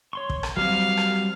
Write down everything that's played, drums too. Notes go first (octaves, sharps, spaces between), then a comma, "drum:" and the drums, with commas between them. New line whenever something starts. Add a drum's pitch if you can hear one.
C#5 C6 C#6
drum: kick
drum: rim click
F#3 G3 C4 F5
drum: rim click